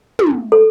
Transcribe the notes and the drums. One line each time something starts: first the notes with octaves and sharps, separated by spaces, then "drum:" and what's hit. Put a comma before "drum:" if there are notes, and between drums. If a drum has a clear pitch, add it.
drum: tom
A4